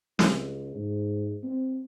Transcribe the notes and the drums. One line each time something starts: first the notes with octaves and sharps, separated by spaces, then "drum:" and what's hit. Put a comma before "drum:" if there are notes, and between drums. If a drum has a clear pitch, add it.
C#2, drum: snare
G#2
C4